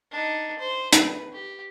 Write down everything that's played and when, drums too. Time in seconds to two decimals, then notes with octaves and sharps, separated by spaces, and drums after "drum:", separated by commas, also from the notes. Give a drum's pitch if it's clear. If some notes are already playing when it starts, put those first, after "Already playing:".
0.12 D4 D#4
0.59 C5
0.93 B4, drum: hi-hat
1.33 G4